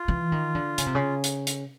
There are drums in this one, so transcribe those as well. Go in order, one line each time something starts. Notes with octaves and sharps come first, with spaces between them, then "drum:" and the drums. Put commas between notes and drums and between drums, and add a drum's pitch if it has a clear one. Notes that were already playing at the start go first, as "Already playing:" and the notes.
Already playing: F4
E3
D#3
D3
C#3, drum: hi-hat
C3
C#3
drum: hi-hat
drum: hi-hat